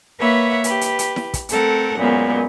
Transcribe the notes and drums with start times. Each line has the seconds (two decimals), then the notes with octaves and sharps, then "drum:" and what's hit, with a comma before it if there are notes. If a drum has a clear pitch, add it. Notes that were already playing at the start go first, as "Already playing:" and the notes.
0.18 A#3 B4 C#5 E5 F#5
0.64 G4 B4, drum: hi-hat
0.81 drum: hi-hat
0.99 drum: hi-hat
1.16 drum: snare E4
1.34 drum: kick, hi-hat
1.49 A3 C4 A4 A#4 F#5, drum: hi-hat
1.96 F#2 A#2 G#3 B3